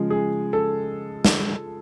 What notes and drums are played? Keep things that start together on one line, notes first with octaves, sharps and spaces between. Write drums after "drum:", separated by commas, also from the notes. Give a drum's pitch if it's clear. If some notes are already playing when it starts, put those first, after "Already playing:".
Already playing: C#3 F3 G#3 G#4
G#4
A4
drum: snare